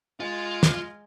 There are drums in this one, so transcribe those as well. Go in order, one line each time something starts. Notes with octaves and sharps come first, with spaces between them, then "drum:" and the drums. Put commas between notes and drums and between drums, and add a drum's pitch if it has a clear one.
G#3 F4
drum: snare